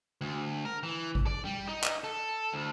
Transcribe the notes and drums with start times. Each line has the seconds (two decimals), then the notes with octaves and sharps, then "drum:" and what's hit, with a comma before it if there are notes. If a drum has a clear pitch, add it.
0.21 D2
0.65 A#4
0.83 E3
1.15 drum: kick G#1
1.27 D5
1.45 G3
1.68 D#4
1.84 drum: clap
2.04 A4
2.52 D2